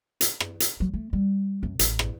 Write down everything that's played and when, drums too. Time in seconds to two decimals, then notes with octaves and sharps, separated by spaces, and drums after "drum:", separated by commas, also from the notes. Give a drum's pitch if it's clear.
0.21 drum: hi-hat
0.40 drum: rim click
0.60 drum: hi-hat
0.80 F#3
0.94 A3
1.13 G3
1.63 F#2
1.79 A1, drum: hi-hat
1.99 drum: rim click